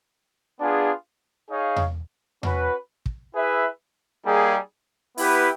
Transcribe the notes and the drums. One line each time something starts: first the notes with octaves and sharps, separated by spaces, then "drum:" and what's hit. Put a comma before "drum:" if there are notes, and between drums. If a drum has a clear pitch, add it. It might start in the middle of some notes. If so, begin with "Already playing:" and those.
B3 D4 F4 G#4
D#4 G#4 C#5 F5
drum: tom E2
C#4 F#4 B4, drum: tom E2
drum: kick
E4 G#4 B4 E5
G3 A#3 D#4 G#4
B3 E4 G4 B4, drum: open hi-hat